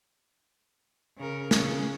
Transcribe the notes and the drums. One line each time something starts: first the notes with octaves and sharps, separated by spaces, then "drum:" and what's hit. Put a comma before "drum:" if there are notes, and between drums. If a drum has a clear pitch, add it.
C#3 A#4
C#3, drum: snare